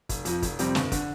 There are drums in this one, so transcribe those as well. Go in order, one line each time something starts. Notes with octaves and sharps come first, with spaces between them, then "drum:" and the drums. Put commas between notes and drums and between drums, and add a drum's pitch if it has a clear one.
F1, drum: kick, hi-hat
F2 F3, drum: hi-hat
F1, drum: kick, hi-hat
F2 C3 G3 C4, drum: hi-hat
G1, drum: snare
D3, drum: kick, hi-hat